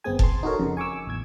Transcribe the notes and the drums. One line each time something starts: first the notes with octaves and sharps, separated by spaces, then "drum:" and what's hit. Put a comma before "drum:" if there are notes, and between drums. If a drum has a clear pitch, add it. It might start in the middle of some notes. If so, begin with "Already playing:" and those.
G1 B3 C4 G#4 G#5
A5 C6, drum: kick F1
D#4 F#4 A4 A#4 C#5
F2 C#3 A#4
G#5 C#6 D6 E6
A1 E2 E6 G#6